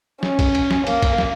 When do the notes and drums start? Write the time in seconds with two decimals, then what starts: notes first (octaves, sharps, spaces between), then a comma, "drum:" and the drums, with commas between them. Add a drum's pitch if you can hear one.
0.23 C#4, drum: snare
0.39 drum: kick, cymbal
0.55 drum: cymbal
0.71 drum: snare
0.87 A#3, drum: cymbal
1.02 drum: kick, cymbal
1.18 drum: snare